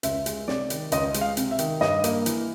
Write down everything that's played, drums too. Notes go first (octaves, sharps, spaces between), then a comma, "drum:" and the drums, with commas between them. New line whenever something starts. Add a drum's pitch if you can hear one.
C#2 E5, drum: hi-hat
G#3, drum: hi-hat
C3 D5, drum: snare
D#3, drum: hi-hat
C#2 D#5, drum: hi-hat
G#3, drum: hi-hat
F5
C3, drum: hi-hat
E5
D#3, drum: hi-hat
G2 D#5, drum: snare
A#3, drum: hi-hat
E3, drum: hi-hat